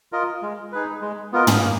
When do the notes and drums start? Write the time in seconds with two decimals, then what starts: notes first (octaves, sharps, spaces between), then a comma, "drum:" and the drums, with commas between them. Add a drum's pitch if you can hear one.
0.12 F4 A#4 D#5
0.42 G#3
0.72 D#4 G#4 B4
1.01 G#3
1.33 B3 F4 A#4 D#5
1.47 drum: tom
1.62 A#3